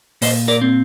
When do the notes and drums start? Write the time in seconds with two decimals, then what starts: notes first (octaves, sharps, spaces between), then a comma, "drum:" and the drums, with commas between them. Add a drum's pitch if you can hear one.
0.22 A#2 C5 D#5, drum: open hi-hat
0.48 A#4 D5
0.62 C4